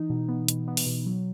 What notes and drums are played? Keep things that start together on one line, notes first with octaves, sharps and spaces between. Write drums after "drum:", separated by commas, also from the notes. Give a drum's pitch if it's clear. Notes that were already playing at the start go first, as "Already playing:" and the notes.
Already playing: E3 D#4
B2
B3
B2, drum: hi-hat
B3
drum: open hi-hat
B2
F#3